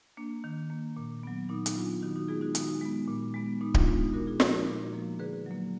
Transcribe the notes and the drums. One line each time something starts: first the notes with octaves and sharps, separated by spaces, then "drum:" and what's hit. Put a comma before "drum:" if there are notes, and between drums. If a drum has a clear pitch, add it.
A#3 D4
D#3
A#3
A#2
F#3 B3
A#2 D#4
drum: hi-hat
F#3 B3 D4 F4
D#3 D#4 F#4
D#4 F#4
G#3 B3 F4 G#4
D#4 F#4
D#3 D#4, drum: hi-hat
G#3 B3
A#2
G#3 B3
A#2 D#4
D4 F4, drum: kick D1
G#3 B3 D4
D#4
A#2 F#4 A#4
F4 G#4
F3 A#3 D#4, drum: snare
F#4 A#4
A#2
F3 A#3
D3 G#4 B4
F#3 A#3